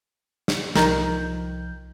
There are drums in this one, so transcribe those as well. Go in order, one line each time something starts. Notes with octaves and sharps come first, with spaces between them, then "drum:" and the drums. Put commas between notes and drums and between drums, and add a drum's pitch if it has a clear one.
drum: snare
C2 D#3 F3 G6, drum: snare